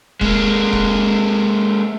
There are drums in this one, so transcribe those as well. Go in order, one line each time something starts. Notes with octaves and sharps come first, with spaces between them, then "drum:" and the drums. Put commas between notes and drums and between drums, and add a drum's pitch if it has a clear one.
G#3 A#3, drum: kick E1
drum: kick E1